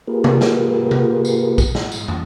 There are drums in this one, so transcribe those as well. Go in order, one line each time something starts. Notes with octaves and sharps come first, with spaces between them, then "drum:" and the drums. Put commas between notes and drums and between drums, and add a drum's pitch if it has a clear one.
A#3 F4 G4 G#4 A#4 B4
drum: tom C3
drum: snare
drum: tom C3
drum: tambourine
drum: kick A#1, tambourine
drum: snare
drum: tambourine
drum: tom